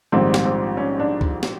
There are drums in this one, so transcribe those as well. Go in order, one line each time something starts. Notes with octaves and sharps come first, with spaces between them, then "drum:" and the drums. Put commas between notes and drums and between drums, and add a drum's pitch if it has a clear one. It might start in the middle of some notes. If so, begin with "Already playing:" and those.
A#1 G#2 D#3 G3 C4
drum: snare
C4
C#4
D4
drum: kick
drum: snare